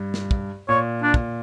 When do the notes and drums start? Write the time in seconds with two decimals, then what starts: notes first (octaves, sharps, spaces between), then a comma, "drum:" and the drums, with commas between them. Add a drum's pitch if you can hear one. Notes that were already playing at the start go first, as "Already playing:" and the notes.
Already playing: G2
0.14 drum: snare
0.31 drum: kick
0.69 A#2 C#5
1.03 D4
1.14 drum: kick